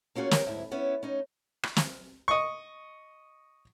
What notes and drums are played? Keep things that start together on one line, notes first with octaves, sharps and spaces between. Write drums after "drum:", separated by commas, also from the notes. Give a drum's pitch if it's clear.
A#3 C#4 F4 F#4 G#4
G4 A#4, drum: snare
D2 G#2 E4
B3 C#4 E4
C#4 D#4
drum: rim click
drum: snare
D#5 C#6